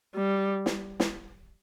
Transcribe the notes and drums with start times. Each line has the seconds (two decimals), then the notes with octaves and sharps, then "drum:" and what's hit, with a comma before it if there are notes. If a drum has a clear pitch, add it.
0.15 G3
0.66 drum: snare
1.00 drum: snare